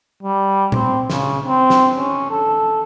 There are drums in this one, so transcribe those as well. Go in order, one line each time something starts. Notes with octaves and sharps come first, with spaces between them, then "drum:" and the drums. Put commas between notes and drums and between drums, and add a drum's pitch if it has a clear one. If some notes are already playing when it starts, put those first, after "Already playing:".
G3
C4, drum: tom A#2
C#3, drum: snare
C4
drum: snare
C#4
A4